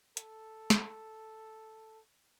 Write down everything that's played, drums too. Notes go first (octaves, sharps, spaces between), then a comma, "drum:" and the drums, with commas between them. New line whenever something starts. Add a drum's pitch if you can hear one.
A4, drum: hi-hat
drum: snare